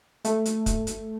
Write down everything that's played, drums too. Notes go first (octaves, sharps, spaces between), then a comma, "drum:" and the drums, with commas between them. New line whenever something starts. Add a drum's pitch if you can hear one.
A3, drum: hi-hat
drum: hi-hat
drum: kick, hi-hat
drum: hi-hat